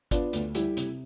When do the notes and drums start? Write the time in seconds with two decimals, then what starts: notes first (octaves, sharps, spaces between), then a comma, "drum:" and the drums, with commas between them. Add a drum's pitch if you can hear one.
0.11 B3 D4 F4, drum: kick, hi-hat
0.33 D2, drum: hi-hat
0.55 G3 E4 G4, drum: hi-hat
0.77 C3, drum: hi-hat